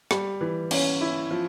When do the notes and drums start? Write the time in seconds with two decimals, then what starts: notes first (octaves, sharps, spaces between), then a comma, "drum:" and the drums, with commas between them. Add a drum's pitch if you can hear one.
0.11 G3, drum: rim click
0.41 E3
0.71 C#4, drum: cymbal
1.01 E4
1.31 F3